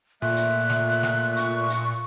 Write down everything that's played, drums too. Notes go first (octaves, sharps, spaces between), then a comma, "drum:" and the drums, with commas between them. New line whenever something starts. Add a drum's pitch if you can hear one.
A#2 A3 E5 F#6
drum: hi-hat
drum: snare
drum: snare
C#6, drum: hi-hat
drum: hi-hat